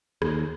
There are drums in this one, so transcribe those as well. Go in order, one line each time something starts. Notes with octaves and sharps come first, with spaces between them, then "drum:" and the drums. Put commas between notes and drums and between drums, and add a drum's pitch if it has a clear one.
D#2, drum: rim click